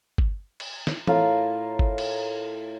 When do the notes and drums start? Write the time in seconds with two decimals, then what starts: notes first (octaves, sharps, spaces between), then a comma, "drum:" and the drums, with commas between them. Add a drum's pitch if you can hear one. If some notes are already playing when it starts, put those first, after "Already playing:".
0.18 drum: kick G1
0.60 drum: cymbal
0.87 drum: snare
1.07 A2 F4 A#4 F5, drum: tom E3
1.79 drum: kick G1
1.98 drum: cymbal